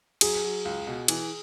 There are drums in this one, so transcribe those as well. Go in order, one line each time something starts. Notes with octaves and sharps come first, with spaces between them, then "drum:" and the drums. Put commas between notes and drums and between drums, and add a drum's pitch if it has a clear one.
F#3 G#4, drum: cymbal
F#3
C#2
B2
E3, drum: cymbal